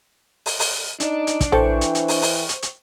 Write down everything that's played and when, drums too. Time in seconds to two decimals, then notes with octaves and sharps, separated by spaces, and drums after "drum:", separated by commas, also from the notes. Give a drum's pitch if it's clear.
0.46 drum: open hi-hat
0.59 drum: open hi-hat
1.00 D4 D#4 D5, drum: hi-hat
1.27 drum: hi-hat
1.41 drum: kick, hi-hat
1.52 E3 A4 C5 G5 C#6, drum: tom A#1
1.81 drum: hi-hat
1.95 drum: hi-hat
2.08 drum: open hi-hat
2.22 drum: open hi-hat
2.49 drum: hi-hat
2.62 drum: hi-hat